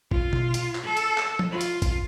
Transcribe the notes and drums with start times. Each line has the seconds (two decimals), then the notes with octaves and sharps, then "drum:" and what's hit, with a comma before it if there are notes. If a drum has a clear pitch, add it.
0.11 F4, drum: kick
0.33 drum: tom B2
0.54 drum: hi-hat
0.75 drum: clap
0.85 A4
0.97 drum: hi-hat
1.18 drum: clap
1.39 drum: tom F3
1.51 F4
1.61 drum: hi-hat
1.82 drum: kick, hi-hat